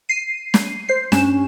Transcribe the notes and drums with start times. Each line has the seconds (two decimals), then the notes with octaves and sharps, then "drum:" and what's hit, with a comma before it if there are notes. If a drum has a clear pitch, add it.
0.09 C7 D#7
0.54 drum: snare
0.89 C5 C7
1.12 G2 C#4 E7, drum: snare